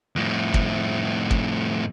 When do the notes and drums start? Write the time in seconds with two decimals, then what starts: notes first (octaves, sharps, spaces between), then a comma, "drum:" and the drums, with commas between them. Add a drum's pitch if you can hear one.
0.16 F2 A2
0.54 drum: kick
1.31 drum: kick